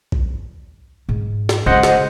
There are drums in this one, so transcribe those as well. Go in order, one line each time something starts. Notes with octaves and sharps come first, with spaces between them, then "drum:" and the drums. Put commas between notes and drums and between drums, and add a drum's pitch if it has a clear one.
drum: kick A#1
G#2
drum: snare
C#3 G#3 C5 D#5 F#5
drum: snare